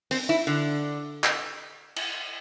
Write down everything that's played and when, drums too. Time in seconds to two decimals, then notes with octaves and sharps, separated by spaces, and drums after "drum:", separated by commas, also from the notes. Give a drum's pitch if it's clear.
0.11 C4, drum: open hi-hat
0.29 E4
0.47 D3
1.24 drum: clap
1.96 drum: cymbal